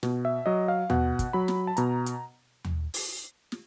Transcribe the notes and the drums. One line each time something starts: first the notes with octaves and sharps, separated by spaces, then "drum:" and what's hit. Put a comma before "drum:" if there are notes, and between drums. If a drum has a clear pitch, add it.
B2, drum: snare
E5
F#3 D#5
F5
B2 F#5, drum: tom D#2
drum: kick, hi-hat
F#3 B5
drum: snare
A5
B2 A#5, drum: hi-hat
drum: hi-hat
drum: tom D#2
drum: open hi-hat
drum: snare